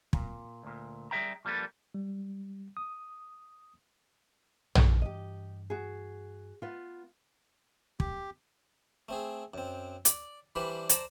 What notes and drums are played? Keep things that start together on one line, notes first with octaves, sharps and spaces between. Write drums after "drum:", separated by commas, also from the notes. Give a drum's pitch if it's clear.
A#2, drum: kick
D2 A#2
G3 G#4 C5 E5 G5 A#5
F3 G3 A#3 A4 B4
G3
D#6
G2 E3, drum: tom A#1
G4 D#5
F#4 G#4
B3 F4
G4, drum: kick
A3 C4 G#4
F#2 C4
D5, drum: hi-hat
E3 G3 D4 G4 B4 C5
C5 D5 A5 A#5, drum: hi-hat